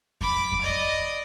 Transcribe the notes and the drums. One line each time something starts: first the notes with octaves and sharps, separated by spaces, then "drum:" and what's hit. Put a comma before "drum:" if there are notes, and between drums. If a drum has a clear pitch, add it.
B5 D6, drum: kick F2
drum: kick F2
D5 D#5